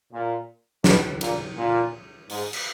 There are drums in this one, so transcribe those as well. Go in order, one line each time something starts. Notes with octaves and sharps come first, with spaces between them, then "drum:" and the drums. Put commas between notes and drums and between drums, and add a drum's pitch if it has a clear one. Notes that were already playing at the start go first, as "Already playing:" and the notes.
A#2
B2, drum: snare
A#2, drum: cymbal
A#2
G#2, drum: open hi-hat
drum: cymbal